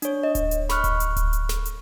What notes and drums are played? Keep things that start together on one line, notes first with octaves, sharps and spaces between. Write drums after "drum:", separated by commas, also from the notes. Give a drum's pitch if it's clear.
D4 C#5, drum: hi-hat
D#5
drum: kick D1, hi-hat
drum: hi-hat
B5 C#6 F6 F#6, drum: snare
drum: kick D1, hi-hat
drum: hi-hat
drum: kick D1, hi-hat
drum: hi-hat
drum: snare
drum: hi-hat